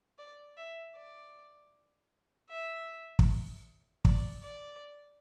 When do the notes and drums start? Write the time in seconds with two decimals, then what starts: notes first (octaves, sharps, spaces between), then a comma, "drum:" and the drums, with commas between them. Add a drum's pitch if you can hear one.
0.19 D5
0.56 E5
0.96 D5
2.49 E5
3.19 drum: kick
4.05 D5, drum: kick
4.42 D5